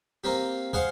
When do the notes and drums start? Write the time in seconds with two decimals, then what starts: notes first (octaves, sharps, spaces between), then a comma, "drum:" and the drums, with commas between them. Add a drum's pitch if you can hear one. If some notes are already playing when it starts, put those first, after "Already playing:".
0.24 A#3 C4 G4
0.73 G#4 C5 F5 F#5, drum: kick